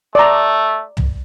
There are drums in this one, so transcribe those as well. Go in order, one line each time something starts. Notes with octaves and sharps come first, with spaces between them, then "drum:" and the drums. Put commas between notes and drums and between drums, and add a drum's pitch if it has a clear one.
A3 D5 A#5
drum: tom